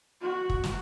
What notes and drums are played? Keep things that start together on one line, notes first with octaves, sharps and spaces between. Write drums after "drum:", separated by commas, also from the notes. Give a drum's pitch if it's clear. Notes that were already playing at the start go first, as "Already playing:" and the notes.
F#4
drum: kick
drum: snare